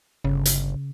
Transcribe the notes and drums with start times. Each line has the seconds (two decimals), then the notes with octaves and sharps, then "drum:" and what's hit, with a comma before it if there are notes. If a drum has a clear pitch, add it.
0.25 G1 C#3
0.45 drum: hi-hat